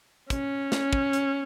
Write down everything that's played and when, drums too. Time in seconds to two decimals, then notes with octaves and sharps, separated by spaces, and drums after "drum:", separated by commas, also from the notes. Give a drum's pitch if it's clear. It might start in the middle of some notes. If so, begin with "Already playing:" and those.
0.30 C#4, drum: kick, hi-hat
0.72 drum: snare
0.93 drum: kick
1.13 drum: hi-hat